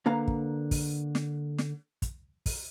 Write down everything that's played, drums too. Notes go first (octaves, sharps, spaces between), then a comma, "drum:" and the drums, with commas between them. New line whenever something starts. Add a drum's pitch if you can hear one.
D3 A#3 B4 F5 A#5
drum: kick
drum: kick, open hi-hat
drum: snare
drum: snare
drum: kick, hi-hat
drum: kick, open hi-hat